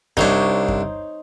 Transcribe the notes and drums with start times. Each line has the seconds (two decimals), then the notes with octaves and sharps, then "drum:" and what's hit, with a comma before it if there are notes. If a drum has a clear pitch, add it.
0.17 C2 D4 D#4 C5 C#5, drum: kick F#2
0.68 drum: kick F#2